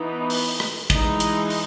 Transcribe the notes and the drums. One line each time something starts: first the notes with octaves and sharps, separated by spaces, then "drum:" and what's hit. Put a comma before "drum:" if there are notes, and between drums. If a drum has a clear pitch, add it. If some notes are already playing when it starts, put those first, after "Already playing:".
Already playing: E3 B3 D#4
drum: open hi-hat
drum: rim click
E3 G#3 D#4, drum: kick, hi-hat
drum: hi-hat
drum: open hi-hat